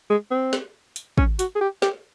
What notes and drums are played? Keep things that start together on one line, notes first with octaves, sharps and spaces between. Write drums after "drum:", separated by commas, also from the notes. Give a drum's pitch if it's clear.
G#3
C4
drum: snare
drum: hi-hat
C#4, drum: kick
F#4, drum: hi-hat
G#4
G4
G4, drum: snare